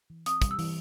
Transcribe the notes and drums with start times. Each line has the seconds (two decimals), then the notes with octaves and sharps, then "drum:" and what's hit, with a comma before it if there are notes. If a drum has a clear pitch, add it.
0.10 E3
0.26 C4 D#6, drum: hi-hat
0.42 G3, drum: kick, hi-hat
0.51 E6
0.59 E3, drum: open hi-hat